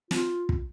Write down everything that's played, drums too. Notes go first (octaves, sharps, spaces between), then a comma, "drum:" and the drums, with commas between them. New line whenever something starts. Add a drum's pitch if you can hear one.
F4, drum: snare
drum: kick